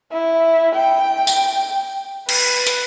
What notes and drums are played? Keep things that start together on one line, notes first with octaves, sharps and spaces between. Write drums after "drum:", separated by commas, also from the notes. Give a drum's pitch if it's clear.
E4
G5
drum: tambourine
B4, drum: cymbal
drum: hi-hat